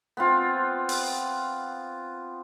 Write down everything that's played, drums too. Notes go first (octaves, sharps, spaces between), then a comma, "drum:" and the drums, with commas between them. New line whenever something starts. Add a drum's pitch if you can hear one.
B3 C4 F4
drum: open hi-hat